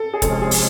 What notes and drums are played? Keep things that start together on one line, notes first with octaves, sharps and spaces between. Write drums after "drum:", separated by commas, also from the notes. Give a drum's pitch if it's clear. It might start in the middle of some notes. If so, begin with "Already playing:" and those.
Already playing: A4
G#4
C3 F3 G#3 C#4 A4, drum: kick, hi-hat
G#4
drum: open hi-hat